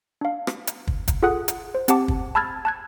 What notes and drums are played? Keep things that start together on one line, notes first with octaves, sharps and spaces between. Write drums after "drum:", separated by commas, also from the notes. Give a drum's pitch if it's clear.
D4 F5
drum: rim click
drum: hi-hat
drum: kick
drum: kick, hi-hat
F4 G#4 A4 F#5 D#6 F#6
drum: hi-hat
C5
C4 G4 F#5 A5 D6, drum: hi-hat
drum: kick
A5 B5 E6 F6 G#6 A6
A5 F#6 G#6